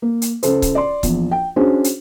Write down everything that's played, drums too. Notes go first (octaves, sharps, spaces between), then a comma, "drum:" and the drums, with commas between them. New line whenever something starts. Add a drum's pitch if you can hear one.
A#3
drum: hi-hat
C#2 A4 C5, drum: hi-hat
drum: kick C#1, hi-hat
D5 C6
A#1 E2, drum: kick C#1, hi-hat
G5
C#4 D4 F#4 G#4 C5
drum: hi-hat